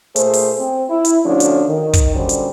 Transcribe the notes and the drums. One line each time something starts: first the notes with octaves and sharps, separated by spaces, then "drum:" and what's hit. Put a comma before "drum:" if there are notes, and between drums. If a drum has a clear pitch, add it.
A#2 A3 G#4 C5, drum: hi-hat
drum: open hi-hat
C4
E4
drum: hi-hat
D3 F3 A3 C#4 D4 F#4
drum: hi-hat
D#3
drum: kick, hi-hat
A#2 D3 F#3 G3 C#4 C5
drum: hi-hat